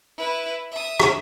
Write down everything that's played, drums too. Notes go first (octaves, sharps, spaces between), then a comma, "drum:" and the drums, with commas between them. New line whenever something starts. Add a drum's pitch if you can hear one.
E4 B4
E5 D#6
drum: rim click